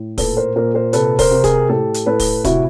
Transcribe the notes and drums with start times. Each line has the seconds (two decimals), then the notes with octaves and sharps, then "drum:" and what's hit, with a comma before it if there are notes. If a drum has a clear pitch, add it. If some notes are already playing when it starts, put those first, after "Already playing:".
Already playing: A2
0.18 A#2 A4 B4, drum: kick, open hi-hat
0.37 A#4 C5
0.56 A#2 A#4 C5
0.74 A#4 C5
0.93 C3 A4 B4, drum: hi-hat
1.19 A#4 C5, drum: kick, open hi-hat
1.31 C3
1.44 G#4 A#4, drum: kick, hi-hat
1.69 A2 G4 A4
1.94 drum: hi-hat
2.06 A2 A4 B4
2.19 drum: kick, open hi-hat
2.44 C3 E4 F#4, drum: kick, hi-hat